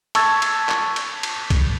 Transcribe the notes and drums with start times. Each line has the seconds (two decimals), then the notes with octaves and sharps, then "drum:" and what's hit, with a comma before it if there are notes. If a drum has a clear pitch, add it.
0.15 A5 C#6 E6 G#6 A6, drum: cymbal
0.42 drum: cymbal
0.69 drum: clap
0.96 drum: cymbal
1.23 drum: cymbal
1.50 drum: kick C2, cymbal